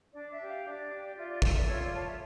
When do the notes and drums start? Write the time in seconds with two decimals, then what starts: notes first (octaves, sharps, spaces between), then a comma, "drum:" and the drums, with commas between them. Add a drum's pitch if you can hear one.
0.14 D4 D5
0.31 E5
0.40 G4
0.49 F5
0.65 D4 D5
0.92 G4
1.17 F4 E5
1.30 D5
1.42 A4 D5, drum: kick
1.55 E5
1.68 F4 C#5
1.81 D5
1.94 C#5 A5
2.08 E5